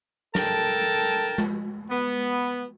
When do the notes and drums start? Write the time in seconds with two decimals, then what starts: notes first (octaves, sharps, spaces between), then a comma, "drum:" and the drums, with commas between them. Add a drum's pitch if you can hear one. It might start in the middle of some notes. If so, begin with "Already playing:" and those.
0.35 A4 A#4 G5 A5, drum: snare
1.38 drum: tom G#3
1.90 B3